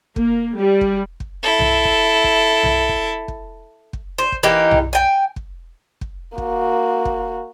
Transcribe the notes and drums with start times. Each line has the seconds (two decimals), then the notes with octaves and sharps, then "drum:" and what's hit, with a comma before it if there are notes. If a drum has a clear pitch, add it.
0.16 A#3, drum: kick
0.56 G3
0.81 drum: kick
1.20 drum: kick
1.43 E4 A4
1.59 drum: tom B1
1.85 drum: kick
2.24 drum: kick
2.63 drum: tom B1
2.89 drum: kick
3.28 drum: kick
3.93 drum: kick
4.18 C5
4.32 drum: kick
4.43 E3 A#3 D#4 G4
4.71 drum: tom B1
4.93 G5 G#5
5.36 drum: kick
6.01 drum: kick
6.38 A#3 F#4, drum: kick
7.05 drum: kick